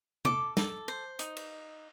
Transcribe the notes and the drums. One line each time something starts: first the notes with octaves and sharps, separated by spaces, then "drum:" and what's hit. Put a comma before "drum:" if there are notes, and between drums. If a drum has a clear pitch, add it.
A4 D6, drum: tom
A4, drum: snare
C5
D#4, drum: hi-hat
drum: cymbal